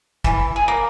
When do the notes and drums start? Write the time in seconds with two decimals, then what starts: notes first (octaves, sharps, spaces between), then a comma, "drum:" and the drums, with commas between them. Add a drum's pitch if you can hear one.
0.24 E3, drum: kick, hi-hat
0.56 G#4
0.68 A#3